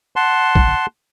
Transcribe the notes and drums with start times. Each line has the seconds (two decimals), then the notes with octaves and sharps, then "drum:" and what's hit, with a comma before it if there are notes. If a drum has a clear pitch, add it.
0.16 F#5 A5 C6
0.55 drum: kick